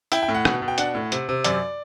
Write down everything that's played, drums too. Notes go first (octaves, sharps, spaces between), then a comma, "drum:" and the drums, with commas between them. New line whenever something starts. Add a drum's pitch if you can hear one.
E4 G5, drum: hi-hat
G5
A2
F#5
B2 F#5, drum: rim click
B2
G5
D4 F#5, drum: hi-hat
A2
C3, drum: hi-hat
C3
F#2 D5, drum: hi-hat